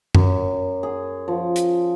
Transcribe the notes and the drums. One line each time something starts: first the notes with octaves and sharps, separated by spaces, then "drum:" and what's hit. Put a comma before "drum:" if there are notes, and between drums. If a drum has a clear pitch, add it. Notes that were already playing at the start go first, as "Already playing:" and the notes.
F#2, drum: tom F#2
G#4
F3
drum: hi-hat